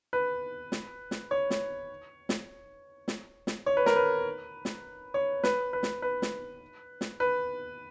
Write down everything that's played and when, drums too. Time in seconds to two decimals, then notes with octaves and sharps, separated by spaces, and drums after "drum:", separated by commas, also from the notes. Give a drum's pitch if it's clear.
0.13 B4
0.72 drum: snare
1.11 drum: snare
1.31 C#5
1.50 drum: snare
2.29 drum: snare
3.08 drum: snare
3.47 drum: snare
3.66 C#5
3.77 B4
3.86 A#4, drum: snare
3.96 B4
4.65 drum: snare
5.14 C#5
5.44 B4, drum: snare
5.73 B4
5.83 drum: snare
6.02 B4
6.22 drum: snare
7.01 drum: snare
7.20 B4